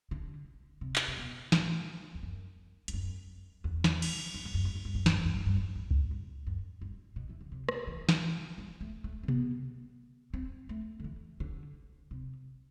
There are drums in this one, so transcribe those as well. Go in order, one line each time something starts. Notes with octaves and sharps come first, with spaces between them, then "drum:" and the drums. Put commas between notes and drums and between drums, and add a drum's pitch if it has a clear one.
D3
C3
drum: clap
C3
B2
A2, drum: snare
E2
F#2
E2, drum: hi-hat
F#2
E2
drum: snare
drum: cymbal
F#2
G2
F#2
G2
F#2
G2
F#2
G2, drum: snare
F#2
G2
F#2
G2
F#2
G2
drum: kick C2
G2
F#2
G2
B2
E3
D3
C3
drum: rim click
E3
drum: snare
G3
A3
A3
C4
B3, drum: tom B2
C4
A3
D3
E3
D3
C3